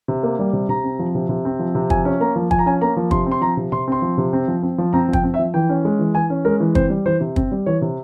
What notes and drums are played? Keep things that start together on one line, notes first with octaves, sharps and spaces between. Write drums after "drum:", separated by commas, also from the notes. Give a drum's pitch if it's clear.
C3
A#3
G3
C3
C3 A#5
C4
F3
C3
C3
C4
F3
C3
F3 G#5, drum: kick
C#4
A#3 A#5
F3
F3 G#5, drum: kick
A#5
C#4 G#5
A#3 A#5
F3
C3 C6, drum: kick
C4
C6
F3 A#5
C3
C3 C6
C4 C6
F3
C3
C4
F3
C4
F3
C4 A#5
F3
G5, drum: kick
C4
E5
F3
E3 G5
C#4
G#3
E3
E3 G#5
C#4
G#3 A#4
E3
C4 C5, drum: kick
G3
E3 C5
C3
C4, drum: kick
G3
E3 C#5
C3